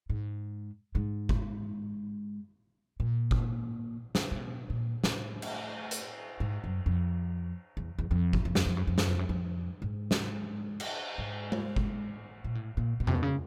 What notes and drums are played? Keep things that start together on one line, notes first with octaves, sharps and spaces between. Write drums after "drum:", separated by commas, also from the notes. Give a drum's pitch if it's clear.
G#2
G#2
drum: kick G1
A#2
drum: kick G1
drum: snare
C3
B2
A#2
A2, drum: snare
drum: cymbal
drum: hi-hat
G#2
F#2
F2
E2
E2
F2
drum: kick G1
F2
F#2, drum: snare
F2
F#2
F2
F#2, drum: snare
F2
F#2
F2
G#2
drum: snare
drum: cymbal
G#2
drum: tom G#3
drum: kick G1
A#2
A2
A#2
B2
C3, drum: tom F2
B2
C#3